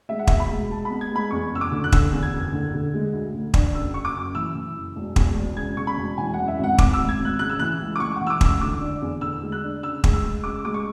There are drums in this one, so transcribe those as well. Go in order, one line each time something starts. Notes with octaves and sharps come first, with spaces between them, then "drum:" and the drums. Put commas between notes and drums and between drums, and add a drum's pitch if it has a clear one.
G#3 E5
F#5
B2 E5, drum: kick
B5
G#3
G#3 A5
B3 B5
G#6
G#3 B5
E2 C#6
F#1 E6
D6
D3
F#6
D3 E6, drum: kick
E2
G#6
F#1
D3
D3
G#3
D2
D3
D4, drum: kick
F#1 E6
F#1 C#6
D6
F#2
E3 E6
E3
F#1
E1
E2, drum: kick
E1
C#3 G#6
C#3 C#6
B5
E1
E3 G#5
F#2 F#5
E5
G#1 F#5
G#1 D6, drum: kick
G#1 E6
G#6
G#1
F#6
C#3 F#6
E6
E3 F#6
C#2
D6
C#2 C#6
E3 F#5
E6
D6
C#2 E6, drum: kick
D3 D6
D4
E2
D3 E6
G#3
F#6
D4
C#3 E6
G#3, drum: kick
E6
G#3
C#3 D6
G#3 D6
C#6